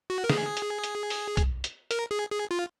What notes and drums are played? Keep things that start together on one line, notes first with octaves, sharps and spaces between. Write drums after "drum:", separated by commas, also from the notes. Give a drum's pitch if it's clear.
F#4
A#4
G#4, drum: snare
drum: hi-hat
drum: hi-hat
drum: open hi-hat
drum: kick, hi-hat
drum: hi-hat
A#4, drum: hi-hat
G#4
G#4
F4